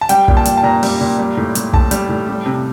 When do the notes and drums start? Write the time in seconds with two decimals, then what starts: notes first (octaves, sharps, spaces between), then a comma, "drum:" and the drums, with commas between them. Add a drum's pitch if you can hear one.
0.01 A5
0.09 G3 G5, drum: hi-hat
0.28 A#2, drum: kick
0.37 A5
0.45 G3, drum: hi-hat
0.57 A5
0.63 A#2 A#5
0.83 G3, drum: open hi-hat
1.01 A#2
1.19 G3
1.37 A2
1.55 G3, drum: hi-hat
1.73 A2 A5, drum: kick
1.91 G3, drum: hi-hat
2.09 A2
2.29 G3
2.46 C3